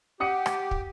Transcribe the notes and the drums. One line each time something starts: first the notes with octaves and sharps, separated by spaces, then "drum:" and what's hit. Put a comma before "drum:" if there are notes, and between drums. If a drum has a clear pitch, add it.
G4 F#5 D#6 C#7
drum: rim click
drum: kick